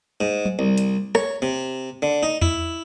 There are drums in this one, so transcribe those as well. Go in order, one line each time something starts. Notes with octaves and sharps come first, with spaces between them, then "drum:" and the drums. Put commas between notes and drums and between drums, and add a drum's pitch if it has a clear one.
G#2
drum: tom
C2
drum: hi-hat
C#5, drum: rim click
C3
D3
D#4
E4, drum: tom E2